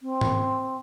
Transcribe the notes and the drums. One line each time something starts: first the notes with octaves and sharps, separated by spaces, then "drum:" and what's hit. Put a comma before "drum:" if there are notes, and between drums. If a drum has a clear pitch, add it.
C4
drum: tom G#2